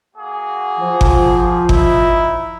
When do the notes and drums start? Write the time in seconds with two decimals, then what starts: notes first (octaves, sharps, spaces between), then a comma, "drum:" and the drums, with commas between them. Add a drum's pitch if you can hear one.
0.15 A#3 F#4 G#4
0.78 F3
1.01 drum: kick G1
1.69 D#4 E4, drum: kick G1